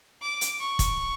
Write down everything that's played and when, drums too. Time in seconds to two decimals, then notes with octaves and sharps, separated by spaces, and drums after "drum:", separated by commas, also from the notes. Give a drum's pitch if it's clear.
0.22 D6
0.41 drum: hi-hat
0.61 C#6
0.79 drum: kick, hi-hat